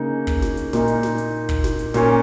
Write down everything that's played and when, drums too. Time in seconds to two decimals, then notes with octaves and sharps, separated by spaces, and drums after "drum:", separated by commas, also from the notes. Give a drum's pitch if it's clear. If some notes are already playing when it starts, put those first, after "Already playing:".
Already playing: C#3 A#3 D#4
0.27 drum: kick, hi-hat
0.42 drum: snare
0.57 drum: hi-hat
0.73 A#2 A#3 D#4, drum: snare
0.88 drum: hi-hat
1.03 drum: snare
1.18 drum: hi-hat
1.49 drum: kick, hi-hat
1.64 drum: snare
1.79 drum: hi-hat
1.94 A#2 A#3 C#4, drum: snare